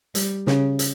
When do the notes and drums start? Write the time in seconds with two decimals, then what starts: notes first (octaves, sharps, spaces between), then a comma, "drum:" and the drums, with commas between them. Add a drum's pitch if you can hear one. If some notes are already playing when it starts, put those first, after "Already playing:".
0.15 G3, drum: hi-hat
0.47 C#3, drum: snare
0.79 drum: hi-hat